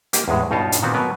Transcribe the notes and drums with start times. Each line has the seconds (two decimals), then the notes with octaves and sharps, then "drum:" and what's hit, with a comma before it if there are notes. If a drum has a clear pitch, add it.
0.13 A#3 G4 A#4 D#5, drum: hi-hat
0.28 E2 A2 G#3
0.51 G2 B2 D#4 F4 C#5 A5
0.72 drum: hi-hat
0.83 A#2 D#3 B3 C4 F#4
0.94 B2 F#3 B3 A#4 B4